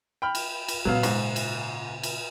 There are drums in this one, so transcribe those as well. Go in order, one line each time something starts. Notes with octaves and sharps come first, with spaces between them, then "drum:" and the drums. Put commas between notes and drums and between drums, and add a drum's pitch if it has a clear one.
G5 B5 F6
drum: cymbal
drum: cymbal
A#2 C#3 F#3 B3 F5
G#2, drum: cymbal
drum: cymbal
drum: cymbal